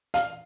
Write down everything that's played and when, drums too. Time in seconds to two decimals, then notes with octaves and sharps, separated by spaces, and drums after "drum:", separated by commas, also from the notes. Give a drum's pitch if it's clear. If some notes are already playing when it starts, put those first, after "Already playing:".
0.14 F5, drum: hi-hat